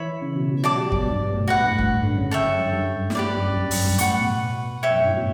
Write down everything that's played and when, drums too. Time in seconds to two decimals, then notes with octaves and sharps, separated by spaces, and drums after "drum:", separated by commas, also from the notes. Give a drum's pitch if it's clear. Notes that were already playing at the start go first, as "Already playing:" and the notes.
Already playing: E3 C#5 E5 B5
0.22 C#3
0.36 B2
0.49 B2
0.63 F#3 D5 A5 D6
0.78 G3
0.92 B2, drum: kick
1.06 G2
1.20 B2
1.33 A2
1.47 G2 F#4 B4 F#5
1.58 G2
1.68 A2
1.78 G2, drum: kick
1.89 G2
2.03 D3
2.17 C#3
2.31 A4 C#5 E5 G5
2.45 F#2
2.60 G2
2.73 G2
3.10 A2, drum: snare
3.15 G2 G4 B4 D5
3.36 F#2
3.51 F#2
3.57 G2
3.71 F#2, drum: open hi-hat
3.85 G2
3.98 A2 B4 F#5 C#6, drum: hi-hat
4.20 B2
4.83 C#5 E5 G5
4.90 F#2
5.00 G2
5.08 A2
5.17 B2